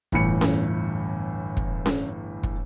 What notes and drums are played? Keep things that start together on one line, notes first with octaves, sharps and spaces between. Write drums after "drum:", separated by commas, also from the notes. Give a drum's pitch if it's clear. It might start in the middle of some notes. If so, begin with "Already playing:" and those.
G1 E2 A2 B5 C#7, drum: kick
drum: snare C#4
drum: kick
drum: snare C#4
drum: kick